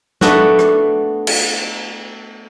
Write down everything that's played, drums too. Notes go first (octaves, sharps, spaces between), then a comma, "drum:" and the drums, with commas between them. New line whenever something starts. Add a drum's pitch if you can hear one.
A3 B3 D4 F#4, drum: snare
drum: rim click
drum: cymbal